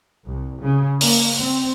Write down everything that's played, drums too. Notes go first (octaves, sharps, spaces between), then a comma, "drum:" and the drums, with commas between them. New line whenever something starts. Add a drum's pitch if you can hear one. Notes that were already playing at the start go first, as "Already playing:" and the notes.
C2
C#3
A#3, drum: open hi-hat
C4